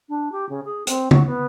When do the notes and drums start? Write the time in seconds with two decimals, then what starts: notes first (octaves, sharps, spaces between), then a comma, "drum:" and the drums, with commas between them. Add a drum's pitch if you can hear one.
0.09 D4
0.32 G4
0.49 C#3
0.65 G#4
0.87 C4, drum: hi-hat
1.11 F#3, drum: tom C#3
1.26 B3